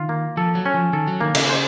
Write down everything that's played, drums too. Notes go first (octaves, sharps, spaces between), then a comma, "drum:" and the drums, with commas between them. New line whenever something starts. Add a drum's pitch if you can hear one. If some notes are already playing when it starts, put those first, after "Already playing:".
Already playing: D#3 F4
A#3
F3 A4
F#3
C#4
F3
D#3 A4
F#3
D#3 A#3
C#3, drum: cymbal
C5